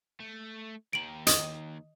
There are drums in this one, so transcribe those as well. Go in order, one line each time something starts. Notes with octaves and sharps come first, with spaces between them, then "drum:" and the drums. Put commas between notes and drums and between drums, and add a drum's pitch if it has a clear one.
A3
D#2 D#3 D7 F#7
D#5 D#6, drum: hi-hat